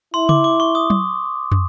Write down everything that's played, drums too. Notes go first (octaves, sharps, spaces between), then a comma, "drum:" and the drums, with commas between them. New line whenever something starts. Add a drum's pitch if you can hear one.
E4 C6
D6, drum: tom C#3
D6
C#6
D#6
drum: tom F#3
drum: tom